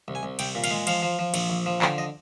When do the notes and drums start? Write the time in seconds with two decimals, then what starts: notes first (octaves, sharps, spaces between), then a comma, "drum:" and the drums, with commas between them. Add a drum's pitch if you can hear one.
0.08 C2
0.15 G#5
0.23 C2
0.39 C2 G5, drum: cymbal
0.55 A#2
0.64 F5, drum: cymbal
0.71 G#3
0.87 F3 F5, drum: cymbal
1.02 F3
1.19 F3
1.34 A#1, drum: cymbal
1.50 A#1
1.66 F3
1.82 D3 G5, drum: clap
1.98 D#5